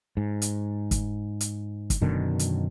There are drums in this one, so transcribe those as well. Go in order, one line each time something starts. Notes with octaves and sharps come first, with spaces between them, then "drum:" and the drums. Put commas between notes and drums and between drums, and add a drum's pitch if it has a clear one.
G#2
drum: hi-hat
drum: kick, hi-hat
drum: hi-hat
drum: kick, hi-hat
F#2 B2 D3 D#3
drum: hi-hat